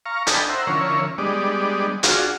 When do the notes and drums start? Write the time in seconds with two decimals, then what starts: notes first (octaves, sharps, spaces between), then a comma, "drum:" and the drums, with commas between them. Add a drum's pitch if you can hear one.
0.06 F5 A#5 C#6
0.27 D4 A4 D#5 G5 G#5 B5, drum: hi-hat
0.49 C5 E5 F#5 A#5
0.67 D3 F3 C#4 E4 A#4 C#5
1.18 G3 G#3 B3 D4 D5 D#5
2.03 D4 F4 F#4 G#4, drum: hi-hat